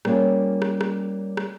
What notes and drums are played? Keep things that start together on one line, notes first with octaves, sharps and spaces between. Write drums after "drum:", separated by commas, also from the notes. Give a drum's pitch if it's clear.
G3 A#3 B3 C#4 F4 G#4, drum: rim click
drum: rim click
drum: rim click
drum: rim click